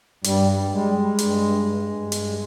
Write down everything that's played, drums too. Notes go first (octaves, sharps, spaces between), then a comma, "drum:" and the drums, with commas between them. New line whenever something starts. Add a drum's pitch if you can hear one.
G2 G3, drum: hi-hat
G3
G3 G#3
G3
G2, drum: hi-hat
G2
G2
G2
G2, drum: hi-hat